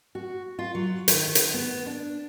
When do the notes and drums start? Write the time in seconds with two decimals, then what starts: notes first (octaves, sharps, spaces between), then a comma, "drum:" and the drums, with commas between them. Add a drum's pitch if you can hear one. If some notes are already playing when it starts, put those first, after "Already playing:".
0.15 F#4
0.59 F4
0.75 F#3
1.08 D#3, drum: hi-hat
1.35 drum: hi-hat
1.54 B3
1.86 D4